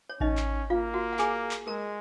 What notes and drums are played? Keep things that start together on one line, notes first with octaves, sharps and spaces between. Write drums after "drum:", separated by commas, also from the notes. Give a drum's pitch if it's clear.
C#5
C#4 D#4 D#5, drum: kick A1
drum: clap
A#3 F4 F5
F#4 F#5
F#5
G#4 G#5, drum: clap
drum: clap
G#3 A#4 A#5